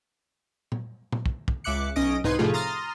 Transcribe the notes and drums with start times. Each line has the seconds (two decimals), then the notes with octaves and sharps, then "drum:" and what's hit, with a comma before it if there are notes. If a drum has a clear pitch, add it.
0.72 drum: tom A#2
1.12 drum: tom A#2
1.26 drum: kick
1.48 drum: kick
1.64 C#2 E5 D6 F#6 C#7
1.96 B1 C#4 D#5 D#6 A#6 D7
2.24 C2 D#4 B4 C6 G#6, drum: tom G#2
2.39 A2 C3 F3 A3 F4 G#4
2.54 A#5 C6 D#6 F6 A6 A#6